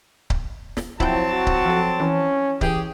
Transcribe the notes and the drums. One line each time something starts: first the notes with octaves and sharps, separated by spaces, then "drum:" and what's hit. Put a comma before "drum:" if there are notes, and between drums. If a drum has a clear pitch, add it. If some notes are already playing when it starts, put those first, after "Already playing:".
drum: kick C#1
drum: snare
F3 F#3 C4 E4 F#5 G5 A5, drum: kick C#1
F#4
drum: kick C#1
F3 A4
E3 C#4
E3 G4 G#4 G5, drum: kick C#1